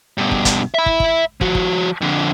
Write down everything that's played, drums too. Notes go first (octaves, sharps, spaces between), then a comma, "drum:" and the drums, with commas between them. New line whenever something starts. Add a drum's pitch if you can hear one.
G2 B2
drum: kick
drum: kick, hi-hat
E5 B5
drum: kick
drum: kick
F3 F#4, drum: kick
drum: kick
F2 D3